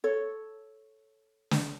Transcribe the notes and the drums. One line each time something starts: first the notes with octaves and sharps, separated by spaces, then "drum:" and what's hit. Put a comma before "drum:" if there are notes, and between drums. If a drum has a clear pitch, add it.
A4 C#5
drum: snare